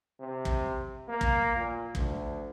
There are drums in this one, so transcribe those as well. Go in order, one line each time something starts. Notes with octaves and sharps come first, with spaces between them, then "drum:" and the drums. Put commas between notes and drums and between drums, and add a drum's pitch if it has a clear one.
C3
drum: kick
A#3
drum: kick
A#2
D2, drum: kick